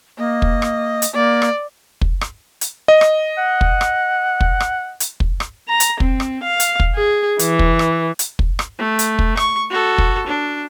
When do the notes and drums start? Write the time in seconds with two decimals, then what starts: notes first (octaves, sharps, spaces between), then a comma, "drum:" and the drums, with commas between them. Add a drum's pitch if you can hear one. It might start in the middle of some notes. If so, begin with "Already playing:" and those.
0.18 A#3 D#5
0.42 drum: kick
0.62 drum: rim click
1.02 drum: hi-hat
1.14 A#3 D5
1.42 drum: rim click
2.01 drum: kick
2.21 drum: rim click
2.61 drum: hi-hat
2.88 D#5
3.01 drum: rim click
3.38 F#5
3.61 drum: kick
3.81 drum: rim click
4.41 drum: kick
4.60 drum: rim click
5.00 drum: hi-hat
5.20 drum: kick
5.40 drum: rim click
5.68 A#5
5.80 drum: hi-hat
6.00 C4, drum: kick
6.20 drum: rim click
6.43 F5
6.60 drum: hi-hat
6.80 drum: kick
6.95 G#4
7.39 E3, drum: hi-hat
7.59 drum: kick
7.79 drum: rim click
8.19 drum: hi-hat
8.39 drum: kick
8.59 drum: rim click
8.79 A3
8.99 drum: hi-hat
9.19 drum: kick
9.37 C#6, drum: rim click
9.70 F#4 A4
9.98 drum: kick
10.27 D4